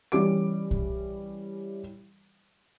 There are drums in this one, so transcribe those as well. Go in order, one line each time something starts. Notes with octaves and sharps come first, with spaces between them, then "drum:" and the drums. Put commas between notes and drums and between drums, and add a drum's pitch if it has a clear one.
E3 G3 C#4 D6 D7
drum: kick B1